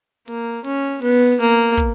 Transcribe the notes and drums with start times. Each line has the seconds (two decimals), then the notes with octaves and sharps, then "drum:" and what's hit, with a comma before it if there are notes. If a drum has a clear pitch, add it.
0.28 A#3, drum: hi-hat
0.64 C#4, drum: hi-hat
1.02 B3, drum: hi-hat
1.40 A#3, drum: hi-hat
1.77 drum: kick, hi-hat